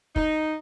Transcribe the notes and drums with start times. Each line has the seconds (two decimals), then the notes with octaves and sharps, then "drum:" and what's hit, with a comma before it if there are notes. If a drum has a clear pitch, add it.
0.16 D#4, drum: kick